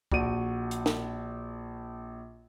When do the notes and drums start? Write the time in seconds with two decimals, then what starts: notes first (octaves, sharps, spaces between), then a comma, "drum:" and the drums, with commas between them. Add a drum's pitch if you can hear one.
0.12 A#1 F#4 D#7, drum: kick C#2
0.71 drum: hi-hat
0.86 drum: snare